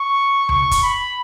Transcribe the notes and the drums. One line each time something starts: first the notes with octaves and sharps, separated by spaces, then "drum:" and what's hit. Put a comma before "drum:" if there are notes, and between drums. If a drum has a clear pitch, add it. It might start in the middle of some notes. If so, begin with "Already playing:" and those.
Already playing: C#6
C#6, drum: tom C#2
drum: kick, hi-hat
B5